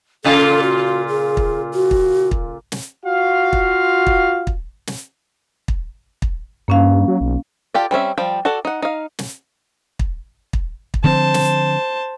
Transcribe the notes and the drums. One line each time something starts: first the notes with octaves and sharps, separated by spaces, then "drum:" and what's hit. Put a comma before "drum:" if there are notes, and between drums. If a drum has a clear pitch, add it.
A#2 C#3 F4 A4
F#4
G#4
drum: kick
F#4
drum: kick
drum: kick
drum: snare
F4 F#4 F5
drum: kick
drum: kick
drum: kick
drum: snare
drum: kick
drum: kick
G2 A#3 C#4 F5
F#3
B1
F4 G4 A4 D5
G3 C4 C#4 E5
F3 G3 G5
F#4 A4 D5 F#5
D#4 F#5
D#4 F5
drum: snare
drum: kick
drum: kick
drum: kick
D3 F3 C4 C5 A5
drum: snare